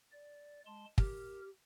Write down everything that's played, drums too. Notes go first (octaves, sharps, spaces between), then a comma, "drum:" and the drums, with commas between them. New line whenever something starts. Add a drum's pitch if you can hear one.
D5
G#3 A5 C6
G4 A#4, drum: kick